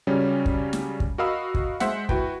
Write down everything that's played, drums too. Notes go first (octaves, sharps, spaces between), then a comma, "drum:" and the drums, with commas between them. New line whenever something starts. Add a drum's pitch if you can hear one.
C#3 F#3 G3 C#4
drum: kick
drum: snare
drum: kick
F#4 A#4 D#5 F5 B5 E6
drum: kick
G#3 C5 E5 F#5, drum: snare
E4 F#4 B4 G5, drum: kick